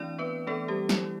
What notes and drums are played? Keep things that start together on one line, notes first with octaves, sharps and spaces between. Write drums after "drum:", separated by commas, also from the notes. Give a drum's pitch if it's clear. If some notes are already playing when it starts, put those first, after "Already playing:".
Already playing: E3 A3 C4 D4 E4 D5
B3 B4
E3 A3 B3 D4 A4
G3 G4
E4, drum: snare